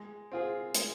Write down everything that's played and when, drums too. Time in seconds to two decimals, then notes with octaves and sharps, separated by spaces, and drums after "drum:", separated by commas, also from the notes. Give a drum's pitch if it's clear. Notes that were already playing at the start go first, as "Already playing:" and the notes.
Already playing: G#3
0.32 C4 F4 G#4
0.75 G#3, drum: hi-hat